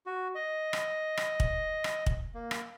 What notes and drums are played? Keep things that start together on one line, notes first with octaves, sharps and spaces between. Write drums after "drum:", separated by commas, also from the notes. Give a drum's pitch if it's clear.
F#4
D#5
drum: rim click
drum: rim click
drum: kick
drum: rim click
drum: kick
A#3
drum: rim click